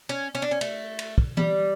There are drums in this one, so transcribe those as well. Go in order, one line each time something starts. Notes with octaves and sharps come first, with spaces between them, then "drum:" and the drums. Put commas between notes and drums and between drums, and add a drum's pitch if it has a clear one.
C#4
C#4
D4
C#4
A3, drum: cymbal
drum: cymbal
drum: kick
G3, drum: tom E3